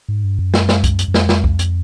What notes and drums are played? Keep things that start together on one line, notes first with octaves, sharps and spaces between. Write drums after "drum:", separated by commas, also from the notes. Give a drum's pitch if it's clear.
G#2
G2
F#2
drum: snare
drum: snare
drum: kick C2, hi-hat
drum: hi-hat
F#2
F2, drum: snare
drum: snare
drum: kick C2
drum: hi-hat